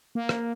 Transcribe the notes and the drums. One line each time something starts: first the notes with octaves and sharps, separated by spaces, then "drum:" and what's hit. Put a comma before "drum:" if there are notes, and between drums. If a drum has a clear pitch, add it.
A#3
drum: rim click